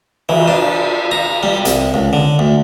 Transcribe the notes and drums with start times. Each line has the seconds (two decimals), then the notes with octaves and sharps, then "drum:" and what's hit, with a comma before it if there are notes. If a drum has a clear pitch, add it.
0.29 E3, drum: cymbal
0.48 D4
1.11 A#5
1.43 G3
1.65 C2, drum: hi-hat
1.94 C#2
2.13 D3
2.39 D2